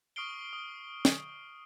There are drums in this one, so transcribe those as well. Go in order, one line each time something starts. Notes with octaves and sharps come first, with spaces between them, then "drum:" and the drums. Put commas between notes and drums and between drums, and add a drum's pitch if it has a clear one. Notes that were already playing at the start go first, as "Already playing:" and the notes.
C#6 D#6 F6 C7 D7 G7
D#6
drum: snare